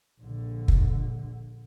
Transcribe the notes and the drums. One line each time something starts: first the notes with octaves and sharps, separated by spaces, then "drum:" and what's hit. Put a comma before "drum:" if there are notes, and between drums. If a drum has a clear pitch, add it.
A#1 D3
drum: kick